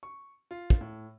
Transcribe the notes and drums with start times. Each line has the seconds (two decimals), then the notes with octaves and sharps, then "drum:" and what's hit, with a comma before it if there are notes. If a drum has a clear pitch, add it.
0.03 C#6
0.51 F4
0.70 drum: kick
0.81 A2